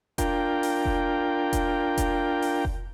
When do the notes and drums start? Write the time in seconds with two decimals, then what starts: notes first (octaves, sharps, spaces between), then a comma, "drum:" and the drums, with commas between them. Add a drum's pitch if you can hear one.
0.18 D4 F4 A#4 G5, drum: kick F1, hi-hat
0.63 drum: open hi-hat
0.85 drum: kick F1
1.53 drum: kick F1, hi-hat
1.98 drum: kick F1, hi-hat
2.42 drum: open hi-hat
2.65 drum: kick F1